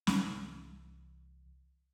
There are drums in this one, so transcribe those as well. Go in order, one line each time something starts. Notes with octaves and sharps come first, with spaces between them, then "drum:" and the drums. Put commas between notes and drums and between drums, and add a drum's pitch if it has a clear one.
C2 E3, drum: snare